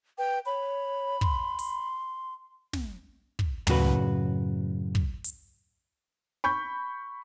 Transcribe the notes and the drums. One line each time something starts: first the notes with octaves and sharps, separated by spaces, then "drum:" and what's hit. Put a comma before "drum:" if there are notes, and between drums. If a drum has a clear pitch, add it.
B4 G5
C#5 B5
C6, drum: kick
drum: open hi-hat
drum: snare
drum: kick
F#2 A2 C#3 F#4 B4, drum: tom
drum: kick
drum: hi-hat
B5 C#6 G6